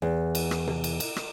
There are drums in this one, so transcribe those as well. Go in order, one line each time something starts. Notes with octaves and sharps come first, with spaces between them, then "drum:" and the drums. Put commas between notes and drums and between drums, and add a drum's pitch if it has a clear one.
E2
drum: cymbal
drum: rim click
drum: tom C3
drum: cymbal
drum: cymbal
drum: rim click